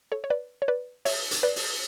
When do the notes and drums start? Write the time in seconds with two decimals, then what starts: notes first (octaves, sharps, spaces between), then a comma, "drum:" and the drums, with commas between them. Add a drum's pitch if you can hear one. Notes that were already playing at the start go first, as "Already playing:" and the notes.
0.12 A4 C#5
0.24 C#5
0.30 B4 D5
0.62 C#5
0.68 B4 D5
1.05 C#5 E5, drum: open hi-hat
1.31 drum: hi-hat
1.43 B4 D5
1.56 drum: open hi-hat